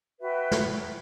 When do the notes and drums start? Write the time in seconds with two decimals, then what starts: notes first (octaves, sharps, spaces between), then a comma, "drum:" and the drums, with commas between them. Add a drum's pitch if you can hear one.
0.20 F#4 B4 E5 G5
0.51 drum: snare